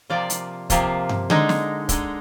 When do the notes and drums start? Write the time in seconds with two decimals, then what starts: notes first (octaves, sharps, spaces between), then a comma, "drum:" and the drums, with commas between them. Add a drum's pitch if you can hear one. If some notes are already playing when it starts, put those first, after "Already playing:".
0.10 C3 F3 A#3 F4 D5
0.30 drum: hi-hat
0.70 C3 F3 A#3 F4, drum: kick, hi-hat
1.09 drum: tom
1.30 D3 G#3 D#4, drum: tom D3
1.49 drum: snare
1.89 D3 G#3 D#4, drum: kick, hi-hat